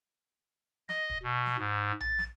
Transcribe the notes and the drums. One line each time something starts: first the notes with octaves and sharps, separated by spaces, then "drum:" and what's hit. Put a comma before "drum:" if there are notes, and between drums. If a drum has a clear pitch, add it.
D#5, drum: snare
drum: kick
B2
drum: snare
G#2
A6, drum: tom A#1
drum: snare